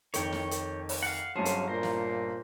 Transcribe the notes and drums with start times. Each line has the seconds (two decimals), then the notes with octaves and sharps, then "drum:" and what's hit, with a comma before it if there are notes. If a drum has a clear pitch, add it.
0.14 F2 D#3 C#5 G5, drum: hi-hat
0.33 drum: snare
0.51 drum: hi-hat
0.89 drum: open hi-hat
1.03 F5 F#5
1.36 G1 F#3 C#4 G#4 C5 A5
1.45 drum: hi-hat
1.68 A#2 C5 A#5
1.83 drum: snare